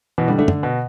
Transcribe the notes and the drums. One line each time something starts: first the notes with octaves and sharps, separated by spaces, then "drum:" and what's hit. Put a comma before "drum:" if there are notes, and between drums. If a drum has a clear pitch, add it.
B2 E3
D3 G3
A3 D4
D3, drum: tom
B2